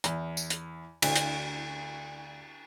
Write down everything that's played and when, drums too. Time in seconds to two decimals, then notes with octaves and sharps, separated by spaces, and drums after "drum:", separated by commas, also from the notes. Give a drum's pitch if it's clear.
0.04 E2, drum: hi-hat
0.37 drum: tambourine
0.50 drum: hi-hat
1.02 D2, drum: cymbal
1.16 drum: hi-hat